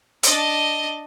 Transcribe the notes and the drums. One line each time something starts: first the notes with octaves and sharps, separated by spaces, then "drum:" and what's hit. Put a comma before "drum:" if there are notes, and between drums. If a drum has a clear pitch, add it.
D4 D#5, drum: hi-hat